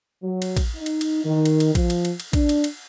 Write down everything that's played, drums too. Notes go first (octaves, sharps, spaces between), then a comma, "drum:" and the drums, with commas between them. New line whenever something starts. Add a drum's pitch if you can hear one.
F#3
drum: cymbal
drum: kick, cymbal
D#4
drum: cymbal
drum: cymbal
D#3
drum: cymbal
drum: cymbal
F3, drum: kick, cymbal
drum: cymbal
drum: cymbal
drum: cymbal
D4, drum: kick, cymbal
drum: cymbal
drum: cymbal